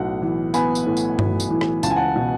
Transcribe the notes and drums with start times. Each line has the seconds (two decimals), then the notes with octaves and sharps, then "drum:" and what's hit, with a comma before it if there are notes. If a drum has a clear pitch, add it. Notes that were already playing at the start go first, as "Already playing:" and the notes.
Already playing: B1 A2 B3 F#5
0.22 E3
0.54 B3 G#5 B5, drum: tambourine
0.75 drum: tambourine
0.86 A2
0.97 drum: tambourine
1.19 B1, drum: tom G2
1.40 drum: tambourine
1.50 E3
1.61 drum: rim click
1.83 C#2 A5, drum: tambourine
1.90 G#5
1.96 F#5 A5
2.16 B2